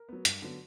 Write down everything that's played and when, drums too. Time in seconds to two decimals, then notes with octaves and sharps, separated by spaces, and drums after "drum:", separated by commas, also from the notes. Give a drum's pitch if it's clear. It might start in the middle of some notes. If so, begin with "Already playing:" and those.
Already playing: A#4
0.09 F#3 B3
0.25 G2, drum: hi-hat
0.42 D3 F#3 B3